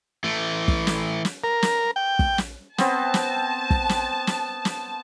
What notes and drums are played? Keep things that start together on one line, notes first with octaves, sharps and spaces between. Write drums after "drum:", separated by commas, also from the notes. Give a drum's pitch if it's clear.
E3 A3
drum: kick
drum: snare
drum: snare
A#4
drum: snare
G5
drum: kick
drum: snare
B3 C4 A5, drum: snare
drum: snare
drum: kick
drum: snare
drum: snare
drum: snare